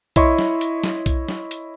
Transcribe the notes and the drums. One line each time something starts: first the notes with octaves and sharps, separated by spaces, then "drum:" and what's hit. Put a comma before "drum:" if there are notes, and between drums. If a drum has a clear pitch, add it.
E4 C#5 D#5 C6 C#6, drum: kick B1, hi-hat
drum: snare
drum: hi-hat
drum: snare
drum: kick B1, hi-hat
drum: snare
drum: hi-hat